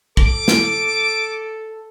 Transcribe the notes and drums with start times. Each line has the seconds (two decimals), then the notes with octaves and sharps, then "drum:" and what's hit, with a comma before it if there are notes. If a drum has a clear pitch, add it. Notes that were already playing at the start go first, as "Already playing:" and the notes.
0.17 A4 D6, drum: kick
0.48 drum: snare